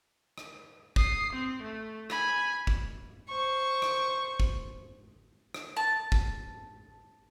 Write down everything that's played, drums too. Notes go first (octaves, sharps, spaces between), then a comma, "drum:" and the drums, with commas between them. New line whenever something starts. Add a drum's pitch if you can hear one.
drum: rim click
D#6 C7, drum: kick
C4
A3
G#5 B5, drum: rim click
drum: kick
C5 C#6
drum: rim click
drum: kick
drum: rim click
A5
drum: kick